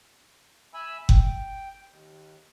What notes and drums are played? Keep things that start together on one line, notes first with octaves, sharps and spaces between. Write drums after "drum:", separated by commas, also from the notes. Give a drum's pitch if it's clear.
E5 G#5 B5 E6
G5, drum: kick F#1
D#2